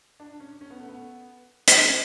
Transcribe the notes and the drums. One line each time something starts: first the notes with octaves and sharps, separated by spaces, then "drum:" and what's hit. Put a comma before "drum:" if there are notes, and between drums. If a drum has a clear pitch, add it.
D4
C#4
C#4
B3
A3
B3
drum: hi-hat
B3